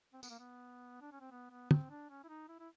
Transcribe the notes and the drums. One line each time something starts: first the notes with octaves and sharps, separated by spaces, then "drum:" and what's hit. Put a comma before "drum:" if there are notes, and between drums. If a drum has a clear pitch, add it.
C4
B3, drum: tambourine
A#3
B3
D4
C#4
C4
B3
B3
C4, drum: tom
D4
C#4
E4
D#4
E4
E4